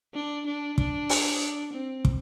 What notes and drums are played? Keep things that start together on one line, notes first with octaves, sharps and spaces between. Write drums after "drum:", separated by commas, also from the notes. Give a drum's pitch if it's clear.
D4
D4
D4, drum: kick
drum: open hi-hat
C4
drum: kick